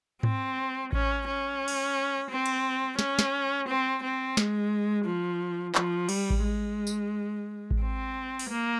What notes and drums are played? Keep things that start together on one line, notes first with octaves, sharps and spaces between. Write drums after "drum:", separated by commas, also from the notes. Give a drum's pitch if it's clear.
C4, drum: tom G#2
C#4, drum: kick A1
C#4
drum: cymbal
C4
drum: cymbal
C#4, drum: snare
drum: snare
C4
C4
G#3, drum: snare
F3
F3, drum: clap
G3, drum: cymbal
drum: kick A1
G#3
drum: tambourine
drum: kick A1
C4
drum: open hi-hat
A#3